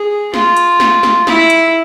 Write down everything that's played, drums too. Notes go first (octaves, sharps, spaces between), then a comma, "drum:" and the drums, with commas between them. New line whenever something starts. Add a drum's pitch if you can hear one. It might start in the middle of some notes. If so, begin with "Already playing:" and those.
Already playing: G#4
F4, drum: snare
drum: hi-hat
drum: snare
drum: snare
E4, drum: snare
drum: hi-hat